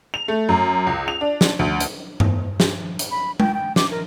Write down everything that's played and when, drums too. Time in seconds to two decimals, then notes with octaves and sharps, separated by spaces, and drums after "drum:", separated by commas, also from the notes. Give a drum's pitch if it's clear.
0.14 F7
0.28 A3
0.49 F#2
0.87 C#2
1.08 F7
1.21 D4
1.41 drum: snare
1.59 D2
1.80 drum: hi-hat
2.20 drum: tom G2
2.60 drum: snare
2.99 drum: hi-hat
3.11 B5
3.40 G5, drum: tom G#3
3.54 G5
3.76 D6, drum: snare
3.91 A#4